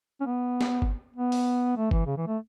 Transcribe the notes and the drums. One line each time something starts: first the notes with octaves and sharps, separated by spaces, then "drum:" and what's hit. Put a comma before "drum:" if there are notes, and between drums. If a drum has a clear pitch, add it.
C#4
B3
drum: snare
drum: kick G1
B3
drum: open hi-hat
A3
E3, drum: kick G1
C#3
E3
A3